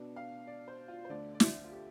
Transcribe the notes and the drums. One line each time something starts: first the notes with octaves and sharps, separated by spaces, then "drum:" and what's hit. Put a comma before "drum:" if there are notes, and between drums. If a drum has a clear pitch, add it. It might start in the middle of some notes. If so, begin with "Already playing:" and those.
Already playing: B2 B3 D4
F5
D5
C5
F4
C5
D2 D3 A3 D4 D5
D5
E5, drum: snare
F4
G4